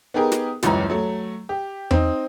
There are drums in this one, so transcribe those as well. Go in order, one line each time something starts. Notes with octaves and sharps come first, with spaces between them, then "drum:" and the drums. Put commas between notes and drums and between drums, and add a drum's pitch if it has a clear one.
B3 D#4 G4 G#4 A#4
drum: snare
D#1 C#2 F#2 E3 C#4 A#5, drum: snare
F#3 A3
G4
C4 D#4, drum: tom E2